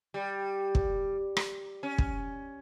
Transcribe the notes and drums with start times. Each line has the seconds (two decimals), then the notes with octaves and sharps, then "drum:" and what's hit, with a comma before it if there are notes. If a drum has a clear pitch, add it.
0.14 G3
0.75 drum: kick
1.37 drum: rim click
1.83 C#4
1.98 drum: kick